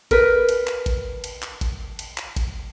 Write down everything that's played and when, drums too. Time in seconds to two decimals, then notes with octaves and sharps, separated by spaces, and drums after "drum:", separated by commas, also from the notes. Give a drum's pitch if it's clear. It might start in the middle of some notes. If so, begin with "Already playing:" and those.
0.11 A#4 B4, drum: kick G1, cymbal
0.49 drum: cymbal
0.67 drum: clap
0.86 drum: kick G1, cymbal
1.24 drum: cymbal
1.43 drum: clap
1.61 drum: kick G1, cymbal
1.99 drum: cymbal
2.18 drum: clap
2.36 drum: kick G1, cymbal